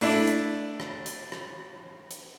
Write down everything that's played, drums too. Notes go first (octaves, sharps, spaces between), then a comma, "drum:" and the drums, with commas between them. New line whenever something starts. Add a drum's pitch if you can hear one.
A3 D4 E4, drum: open hi-hat
drum: hi-hat
drum: rim click
drum: hi-hat
drum: rim click
drum: hi-hat